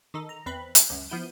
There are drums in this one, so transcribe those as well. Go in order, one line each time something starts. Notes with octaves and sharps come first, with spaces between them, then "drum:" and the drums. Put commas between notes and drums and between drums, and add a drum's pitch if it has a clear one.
D#3 D#4 A4
A#5
E2 C4 B4 B5
drum: hi-hat
C#2 F#2
F3 B3 E4 G6 D#7